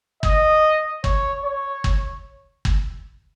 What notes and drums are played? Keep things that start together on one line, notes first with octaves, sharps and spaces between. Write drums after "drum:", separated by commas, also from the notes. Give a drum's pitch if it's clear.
D#5, drum: kick G1
C#5, drum: kick G1
C#5
drum: kick G1
drum: kick G1